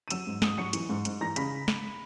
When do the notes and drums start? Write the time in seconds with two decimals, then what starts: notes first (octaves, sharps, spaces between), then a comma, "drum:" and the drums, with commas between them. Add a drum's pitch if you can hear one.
0.08 D#7
0.10 F#3 E6 E7, drum: hi-hat
0.27 G#2
0.42 G#2 D#6 D#7, drum: snare
0.58 F#3 C#6 C#7
0.73 E3, drum: hi-hat
0.89 G#2
1.05 G#2, drum: hi-hat
1.21 E3 A#5 A#6
1.36 C#3 B5 B6, drum: hi-hat
1.68 drum: snare